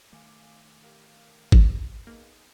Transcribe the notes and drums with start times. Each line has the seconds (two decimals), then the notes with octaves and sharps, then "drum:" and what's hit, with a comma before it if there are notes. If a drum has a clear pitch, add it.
0.13 D#3 A3 F5 G#5 D6
0.83 G4 A#4 F5
1.52 drum: kick
2.07 A#3 B3 D#4 G#4